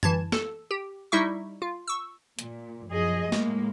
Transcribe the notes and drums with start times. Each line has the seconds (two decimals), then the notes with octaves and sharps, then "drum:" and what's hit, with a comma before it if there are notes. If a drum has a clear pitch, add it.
0.03 E3 A5 G#6, drum: tom F#2
0.32 A4, drum: snare
0.71 G4
1.12 G3 D#4 E4 E5 C#6
1.62 F4
1.87 C#6 E6
2.39 A#2, drum: hi-hat
2.88 F#2 F3 G#4 D#5
3.32 A2 G#3 A#3, drum: snare